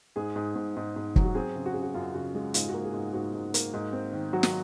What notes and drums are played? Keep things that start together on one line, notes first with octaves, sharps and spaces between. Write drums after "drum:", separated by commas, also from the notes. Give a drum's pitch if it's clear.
G#2 G#4
G#2
G#2
G#2
G#2
F#3, drum: kick
F#4
C4 G#4
C#3
F#4
C#3 G#4
F#4
F#2 F4
C#3 F#4
G#3 G#4
G#2 F4, drum: hi-hat
G#4
F#4
A#3
G#4
G#2
G#2 F#4
G#2
A#3, drum: hi-hat
G#2
C4
D#3
F#3 F#4
drum: snare